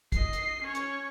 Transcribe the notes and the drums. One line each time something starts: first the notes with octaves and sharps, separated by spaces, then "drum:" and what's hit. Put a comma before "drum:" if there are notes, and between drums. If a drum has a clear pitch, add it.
D#5 C7, drum: kick, hi-hat
drum: hi-hat
C#4 C#5
drum: hi-hat